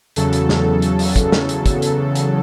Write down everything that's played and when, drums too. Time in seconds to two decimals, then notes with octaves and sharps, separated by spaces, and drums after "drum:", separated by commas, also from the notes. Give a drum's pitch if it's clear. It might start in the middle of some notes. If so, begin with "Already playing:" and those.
0.16 E2 C#3 F#3 A4, drum: hi-hat
0.33 drum: hi-hat
0.49 drum: snare
0.82 A4, drum: hi-hat
0.99 drum: open hi-hat
1.16 drum: kick, hi-hat
1.32 drum: snare
1.49 drum: hi-hat
1.66 drum: kick, hi-hat
1.82 drum: hi-hat
2.15 drum: hi-hat